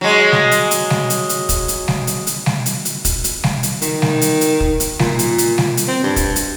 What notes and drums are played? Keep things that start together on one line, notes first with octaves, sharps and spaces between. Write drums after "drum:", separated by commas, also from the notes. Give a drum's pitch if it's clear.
F#3 G#3
drum: snare G3
drum: hi-hat
drum: hi-hat
drum: snare G3
drum: hi-hat
drum: hi-hat
drum: kick, hi-hat
drum: hi-hat
drum: snare G3
drum: hi-hat
drum: hi-hat
drum: snare G3
drum: hi-hat
drum: hi-hat
drum: kick, hi-hat
drum: hi-hat
drum: snare G3
drum: hi-hat
D#3, drum: hi-hat
drum: snare G3
drum: hi-hat
drum: hi-hat
drum: kick
drum: hi-hat
A#2, drum: snare G3
drum: hi-hat
drum: hi-hat
drum: snare G3
drum: hi-hat
C4
G2
drum: kick, hi-hat
drum: hi-hat